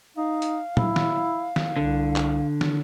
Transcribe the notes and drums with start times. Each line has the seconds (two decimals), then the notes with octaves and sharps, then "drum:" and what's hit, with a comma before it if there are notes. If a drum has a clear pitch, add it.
0.17 D#4 F5
0.42 drum: hi-hat
0.77 E4, drum: tom
0.96 drum: snare
1.56 drum: snare
1.76 C2 D3
2.16 drum: clap
2.61 drum: snare